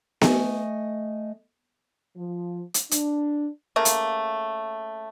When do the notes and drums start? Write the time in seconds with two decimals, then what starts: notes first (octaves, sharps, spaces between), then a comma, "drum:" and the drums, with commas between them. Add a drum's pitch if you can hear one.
0.21 A3 D#5 G#5, drum: snare B3
2.16 F3
2.74 drum: hi-hat
2.91 D4, drum: hi-hat
3.76 C#3 A3 A#3
3.85 drum: hi-hat